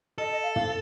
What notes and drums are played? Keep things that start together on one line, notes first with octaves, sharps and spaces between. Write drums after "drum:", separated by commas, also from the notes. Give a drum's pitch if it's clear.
A4 D#5
D#5
F5
F5, drum: tom